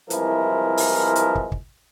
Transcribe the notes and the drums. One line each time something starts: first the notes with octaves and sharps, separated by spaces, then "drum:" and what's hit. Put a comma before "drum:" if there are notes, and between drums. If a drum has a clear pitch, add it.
C2 E3 F3 G#3 E4 A#4, drum: hi-hat
drum: open hi-hat
drum: hi-hat
drum: kick
drum: kick